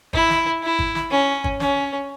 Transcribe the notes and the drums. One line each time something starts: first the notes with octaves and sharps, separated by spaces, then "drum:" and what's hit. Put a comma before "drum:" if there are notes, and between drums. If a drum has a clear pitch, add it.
E4, drum: kick
drum: snare
E4
drum: kick
drum: snare
C#4
drum: kick
C#4, drum: snare